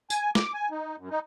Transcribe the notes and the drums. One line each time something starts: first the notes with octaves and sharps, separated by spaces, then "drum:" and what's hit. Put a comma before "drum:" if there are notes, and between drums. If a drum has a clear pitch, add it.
G#5, drum: tambourine
D6, drum: snare
G#5
D#4
F#2
D#4